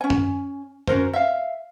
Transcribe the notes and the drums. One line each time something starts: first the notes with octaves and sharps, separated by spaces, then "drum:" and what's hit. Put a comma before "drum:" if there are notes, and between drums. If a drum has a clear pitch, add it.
C#4 G#5
drum: tom F#2
C#4 F#4 A#4 C5, drum: tom F#2
E5 F5